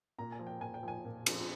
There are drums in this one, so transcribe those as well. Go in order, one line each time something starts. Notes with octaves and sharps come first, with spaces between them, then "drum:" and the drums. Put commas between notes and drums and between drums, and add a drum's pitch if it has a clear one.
A#2 A#5
G#5
F3
G5
A#2 G#5
G5
F3 G#5
A#2
F3, drum: cymbal